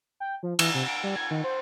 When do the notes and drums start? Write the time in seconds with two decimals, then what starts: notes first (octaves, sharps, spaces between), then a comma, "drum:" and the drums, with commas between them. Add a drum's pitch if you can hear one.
0.20 G5
0.43 F3
0.59 E3, drum: cymbal
0.74 C3
0.88 D7
1.04 G3
1.16 G#6
1.31 D#3
1.44 C5